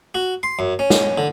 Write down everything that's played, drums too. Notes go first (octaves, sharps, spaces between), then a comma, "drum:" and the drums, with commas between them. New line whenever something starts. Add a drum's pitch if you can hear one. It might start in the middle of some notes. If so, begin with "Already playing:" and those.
F#4
C6
F#2
C#4
drum: snare
D3